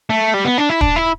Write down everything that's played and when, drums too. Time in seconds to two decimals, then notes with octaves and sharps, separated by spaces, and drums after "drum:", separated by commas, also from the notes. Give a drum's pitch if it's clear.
0.10 A3
0.34 G3
0.45 B3
0.58 D4
0.69 E4
0.81 D4, drum: kick
0.96 E4